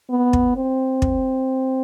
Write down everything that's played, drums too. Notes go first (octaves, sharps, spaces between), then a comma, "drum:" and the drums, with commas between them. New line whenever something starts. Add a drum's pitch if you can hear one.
B3
drum: kick
C4
drum: kick